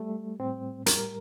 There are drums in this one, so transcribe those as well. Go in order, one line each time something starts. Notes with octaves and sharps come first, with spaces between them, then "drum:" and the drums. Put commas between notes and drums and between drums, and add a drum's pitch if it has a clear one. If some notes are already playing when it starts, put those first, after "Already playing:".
Already playing: G3 A3
A2 C4
G3 A#4, drum: hi-hat